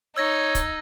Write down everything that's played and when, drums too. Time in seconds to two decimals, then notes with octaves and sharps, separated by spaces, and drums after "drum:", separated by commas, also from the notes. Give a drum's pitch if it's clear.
0.17 D#4 C#5 E6 G#6 A#6
0.55 drum: kick, hi-hat